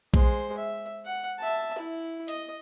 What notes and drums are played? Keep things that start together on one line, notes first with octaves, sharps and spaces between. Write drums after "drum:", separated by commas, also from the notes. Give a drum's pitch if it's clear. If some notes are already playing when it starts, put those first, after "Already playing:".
G#3 C5, drum: kick A#1
E5
F#5
E5 A5
E4
D#5, drum: hi-hat